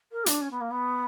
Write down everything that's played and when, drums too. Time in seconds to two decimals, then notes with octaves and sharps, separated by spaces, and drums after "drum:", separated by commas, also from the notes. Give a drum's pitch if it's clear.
0.12 A#4
0.26 D4, drum: hi-hat
0.41 C#4
0.51 B3
0.61 A#3
0.71 B3